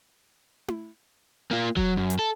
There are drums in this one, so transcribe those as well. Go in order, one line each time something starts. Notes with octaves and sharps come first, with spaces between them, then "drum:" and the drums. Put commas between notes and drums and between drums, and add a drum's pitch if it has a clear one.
drum: tom E4
A#3 F4
F#3, drum: kick F1
F#2
drum: hi-hat
A4